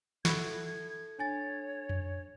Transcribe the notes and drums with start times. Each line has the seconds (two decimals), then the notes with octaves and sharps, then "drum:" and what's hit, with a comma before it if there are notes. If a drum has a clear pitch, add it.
0.25 E4 F#4 A4 G#6, drum: snare
1.19 D4 C#5 G#5 A6
1.89 drum: tom F2